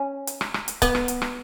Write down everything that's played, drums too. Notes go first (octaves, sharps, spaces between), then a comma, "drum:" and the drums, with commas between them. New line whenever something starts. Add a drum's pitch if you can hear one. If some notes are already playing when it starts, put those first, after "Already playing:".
Already playing: C#4
drum: hi-hat
drum: rim click
drum: rim click
drum: hi-hat
B3, drum: kick C#1, hi-hat
drum: rim click
drum: hi-hat
drum: rim click